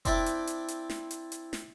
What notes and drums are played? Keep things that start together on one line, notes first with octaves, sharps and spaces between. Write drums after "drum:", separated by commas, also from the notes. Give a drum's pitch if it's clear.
C4 D4 E4 D5 G5, drum: kick F1, hi-hat
drum: hi-hat
drum: hi-hat
drum: hi-hat
drum: snare
drum: hi-hat
drum: hi-hat
drum: snare